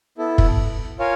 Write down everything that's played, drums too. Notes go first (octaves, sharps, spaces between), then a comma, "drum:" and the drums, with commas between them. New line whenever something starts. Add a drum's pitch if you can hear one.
B3 E4 A4
drum: kick
F4 A#4 C#5 F5 G#5